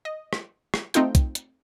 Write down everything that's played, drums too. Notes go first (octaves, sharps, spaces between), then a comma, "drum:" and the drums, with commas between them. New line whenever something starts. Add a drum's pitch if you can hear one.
D#5
drum: rim click
drum: rim click
A3 C4 D#4 F4 G5, drum: hi-hat
drum: kick, hi-hat
drum: hi-hat